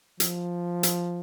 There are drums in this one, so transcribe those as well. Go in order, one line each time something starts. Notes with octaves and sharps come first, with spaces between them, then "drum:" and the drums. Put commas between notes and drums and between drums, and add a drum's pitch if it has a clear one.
F3, drum: hi-hat
drum: hi-hat